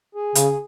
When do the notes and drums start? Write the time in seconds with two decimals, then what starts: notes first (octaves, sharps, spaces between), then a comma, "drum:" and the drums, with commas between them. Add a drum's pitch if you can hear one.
0.15 G#4
0.35 C#3, drum: hi-hat